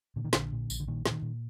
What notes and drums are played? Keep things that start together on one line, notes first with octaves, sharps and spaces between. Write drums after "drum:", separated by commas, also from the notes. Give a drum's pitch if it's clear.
A#2 D3
D#3
A#1 D3, drum: snare
A#2
A#1, drum: tambourine
D3
A#2 D#3
A#2 F3, drum: snare
D#3
A#2